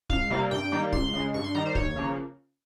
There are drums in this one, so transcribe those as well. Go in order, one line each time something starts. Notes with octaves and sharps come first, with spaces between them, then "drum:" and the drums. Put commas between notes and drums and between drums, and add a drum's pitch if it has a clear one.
C#2 F5, drum: kick
C3 G3 A#3
G2 G5
D#3 G3 A#3
C#2 C6, drum: kick
C#3 G#3
G2 C#6
C6
D#3 G3 A#5
C5
D#2 C#5, drum: kick
C#3 F3 A#3